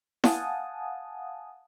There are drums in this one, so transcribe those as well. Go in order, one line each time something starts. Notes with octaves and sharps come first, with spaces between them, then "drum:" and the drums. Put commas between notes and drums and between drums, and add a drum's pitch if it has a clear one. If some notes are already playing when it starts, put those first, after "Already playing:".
F5 F#5 G#5 A5 D#6, drum: snare E4